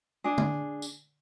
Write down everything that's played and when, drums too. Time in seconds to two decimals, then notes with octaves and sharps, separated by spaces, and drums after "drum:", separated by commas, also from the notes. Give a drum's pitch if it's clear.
0.24 D4 G#4
0.38 drum: tom
0.82 drum: tambourine